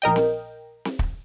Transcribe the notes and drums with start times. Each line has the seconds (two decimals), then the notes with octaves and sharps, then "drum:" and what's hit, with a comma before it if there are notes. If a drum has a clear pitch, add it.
0.02 A#1 A#4 D#5 G5
0.16 drum: snare C4
0.85 drum: snare C4
0.99 drum: kick